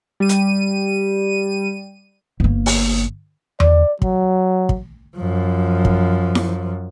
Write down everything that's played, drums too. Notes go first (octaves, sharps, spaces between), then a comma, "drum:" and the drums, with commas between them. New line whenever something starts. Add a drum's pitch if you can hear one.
G3 D#7
drum: hi-hat
G1 A#3
drum: open hi-hat
D5, drum: tom E2
F#3, drum: kick
drum: kick
F#2 F3
drum: kick
drum: snare E4